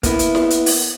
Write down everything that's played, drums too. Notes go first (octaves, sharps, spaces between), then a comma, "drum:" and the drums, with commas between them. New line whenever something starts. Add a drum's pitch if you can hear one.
A#3 B3 E4, drum: kick, hi-hat
drum: hi-hat
drum: snare E4
drum: hi-hat
drum: open hi-hat